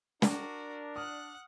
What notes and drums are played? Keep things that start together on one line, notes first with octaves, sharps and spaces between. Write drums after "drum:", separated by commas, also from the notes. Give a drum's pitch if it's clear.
D4 F#4 A#4, drum: snare
F#5 D#6 F6 F#6